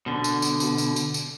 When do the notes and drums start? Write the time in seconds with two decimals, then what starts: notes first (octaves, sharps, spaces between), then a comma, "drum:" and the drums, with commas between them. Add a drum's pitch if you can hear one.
0.06 B2 D3
0.24 drum: tambourine
0.42 drum: tambourine
0.60 drum: tambourine
0.78 drum: tambourine
0.96 drum: tambourine
1.14 drum: tambourine